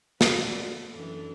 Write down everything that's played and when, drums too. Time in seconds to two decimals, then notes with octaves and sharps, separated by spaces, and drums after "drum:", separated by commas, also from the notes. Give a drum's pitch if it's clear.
0.21 D3 F#4 A#4 B4, drum: snare
0.94 F#2 E3 D4 A4